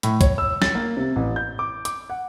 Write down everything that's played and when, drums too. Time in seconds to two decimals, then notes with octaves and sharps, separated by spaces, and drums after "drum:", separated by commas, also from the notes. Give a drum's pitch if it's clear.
0.03 A2, drum: hi-hat
0.21 C#5, drum: kick, hi-hat
0.38 E6
0.62 A6, drum: snare
0.75 A#3
0.97 C3
1.16 A1
1.36 G6
1.59 D6
1.85 D6, drum: hi-hat
2.10 F#5